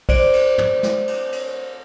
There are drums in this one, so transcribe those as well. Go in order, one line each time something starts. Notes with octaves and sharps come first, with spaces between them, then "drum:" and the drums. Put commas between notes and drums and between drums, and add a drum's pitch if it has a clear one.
C5 D5 D7, drum: kick A#1, cymbal
drum: cymbal
drum: tom
drum: snare
drum: cymbal
drum: cymbal